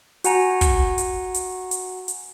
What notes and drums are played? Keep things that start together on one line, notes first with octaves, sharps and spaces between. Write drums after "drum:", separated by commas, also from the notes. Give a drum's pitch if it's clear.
F#4 F#5 G#5 A#5, drum: hi-hat
drum: kick, hi-hat
drum: hi-hat
drum: hi-hat
drum: hi-hat
drum: hi-hat